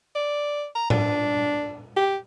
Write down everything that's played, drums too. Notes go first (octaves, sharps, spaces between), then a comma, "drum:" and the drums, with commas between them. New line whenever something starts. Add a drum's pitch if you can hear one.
D5
A#5
D4, drum: tom A2
G4